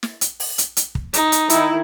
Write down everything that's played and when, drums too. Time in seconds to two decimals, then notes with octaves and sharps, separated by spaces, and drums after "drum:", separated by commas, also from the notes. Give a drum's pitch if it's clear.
0.03 drum: snare
0.21 drum: hi-hat
0.40 drum: open hi-hat
0.58 drum: hi-hat
0.77 drum: hi-hat
0.95 drum: kick
1.14 D#4, drum: hi-hat
1.32 drum: hi-hat
1.50 D#3 E4, drum: hi-hat